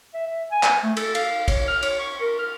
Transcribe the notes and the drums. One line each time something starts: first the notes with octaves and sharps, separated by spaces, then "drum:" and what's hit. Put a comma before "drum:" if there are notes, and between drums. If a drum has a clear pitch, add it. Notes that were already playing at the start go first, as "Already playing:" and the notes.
E5
E5
G#5
drum: clap
A3
A4, drum: cymbal
F5, drum: cymbal
C#5, drum: kick, cymbal
F6
C#5, drum: cymbal
C#6
A#4
F6